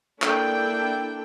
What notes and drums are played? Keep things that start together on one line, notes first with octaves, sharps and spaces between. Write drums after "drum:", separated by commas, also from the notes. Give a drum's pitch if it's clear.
A#3 D4 E4 A4 G5, drum: clap